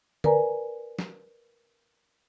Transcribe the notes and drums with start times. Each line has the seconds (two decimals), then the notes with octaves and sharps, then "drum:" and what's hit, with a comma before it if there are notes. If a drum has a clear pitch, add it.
0.24 A#4 B4 D5 G#5 A#5, drum: tom D3
0.99 drum: snare